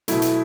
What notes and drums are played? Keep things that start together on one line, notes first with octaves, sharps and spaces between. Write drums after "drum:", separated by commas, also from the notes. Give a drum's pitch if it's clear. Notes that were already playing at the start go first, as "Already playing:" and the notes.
B2 F#3 A3 E4, drum: hi-hat
drum: hi-hat